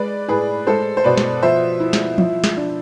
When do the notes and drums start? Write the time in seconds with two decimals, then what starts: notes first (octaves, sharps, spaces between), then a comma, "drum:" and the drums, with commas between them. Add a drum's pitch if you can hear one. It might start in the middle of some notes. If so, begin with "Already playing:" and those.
Already playing: G#3 B4 D5
0.28 A2 G#4 B4
0.67 G#3 A4 C5
0.97 C5
1.04 B2 B4 D5
1.17 drum: snare
1.43 F3 C5 E5
1.80 E4
1.93 drum: snare
2.18 F3, drum: tom
2.44 drum: snare
2.57 D4